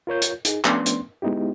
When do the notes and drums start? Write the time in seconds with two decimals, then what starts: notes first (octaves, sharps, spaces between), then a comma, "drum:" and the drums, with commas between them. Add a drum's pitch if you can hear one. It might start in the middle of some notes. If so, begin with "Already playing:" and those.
0.07 F4 A#4 C#5 G6
0.22 drum: hi-hat
0.45 D#4 G#4, drum: hi-hat
0.65 F3 A3 B3 C#4 D4 C6, drum: clap
0.86 drum: hi-hat
1.22 G#3 B3 D#4 E4 G4